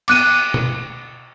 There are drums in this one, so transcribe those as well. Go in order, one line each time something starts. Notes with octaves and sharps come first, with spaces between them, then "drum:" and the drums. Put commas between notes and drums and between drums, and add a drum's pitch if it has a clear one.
D6 F#6 D#7, drum: cymbal
drum: tom B2